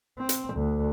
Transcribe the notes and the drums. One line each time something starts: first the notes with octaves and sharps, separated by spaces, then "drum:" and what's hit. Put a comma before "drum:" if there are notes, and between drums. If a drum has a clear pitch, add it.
C4
drum: hi-hat
D2